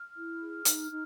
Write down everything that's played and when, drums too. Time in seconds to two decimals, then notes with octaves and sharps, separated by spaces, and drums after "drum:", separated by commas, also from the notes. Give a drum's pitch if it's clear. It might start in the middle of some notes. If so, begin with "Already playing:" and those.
Already playing: F6
0.15 E4
0.40 G#4
0.65 D#4, drum: hi-hat
0.90 D#4